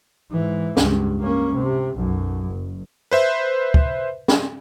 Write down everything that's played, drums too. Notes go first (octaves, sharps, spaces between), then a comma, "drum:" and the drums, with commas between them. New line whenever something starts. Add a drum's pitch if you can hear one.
G#2 E3
C#2 G2, drum: snare
A#3 C#4
C3
B1 F#2
F#1
B4 C5 E5
drum: kick
drum: snare